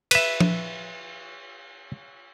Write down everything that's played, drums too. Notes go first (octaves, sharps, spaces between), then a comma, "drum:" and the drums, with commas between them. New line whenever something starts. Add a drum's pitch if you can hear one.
B4 E5, drum: cymbal
drum: tom F3